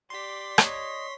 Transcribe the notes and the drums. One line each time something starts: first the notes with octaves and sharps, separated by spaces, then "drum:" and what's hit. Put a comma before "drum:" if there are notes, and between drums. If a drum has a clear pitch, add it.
G4 D5 C6 B6
C#5 D#5, drum: rim click